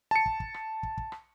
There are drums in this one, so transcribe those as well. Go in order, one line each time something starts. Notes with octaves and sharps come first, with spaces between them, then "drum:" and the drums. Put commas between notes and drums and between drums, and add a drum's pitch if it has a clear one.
A5 C#7
drum: kick
drum: kick
drum: rim click
drum: kick
drum: kick
drum: rim click